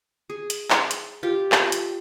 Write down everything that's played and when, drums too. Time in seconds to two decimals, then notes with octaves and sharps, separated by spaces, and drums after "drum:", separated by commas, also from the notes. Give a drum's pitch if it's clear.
0.30 G#4
0.50 drum: hi-hat
0.70 drum: clap
0.91 drum: hi-hat
1.23 F4 G4
1.52 drum: clap
1.72 drum: hi-hat